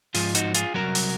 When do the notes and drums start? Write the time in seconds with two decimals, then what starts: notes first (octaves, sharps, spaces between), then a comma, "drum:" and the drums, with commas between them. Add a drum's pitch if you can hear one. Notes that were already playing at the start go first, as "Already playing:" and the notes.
0.14 G#2 F3 F4 G#4, drum: open hi-hat
0.35 D#4 F#4, drum: hi-hat
0.54 F4 G#4, drum: hi-hat
0.74 C2 A#2 F#3 F#4 A#4
0.95 drum: open hi-hat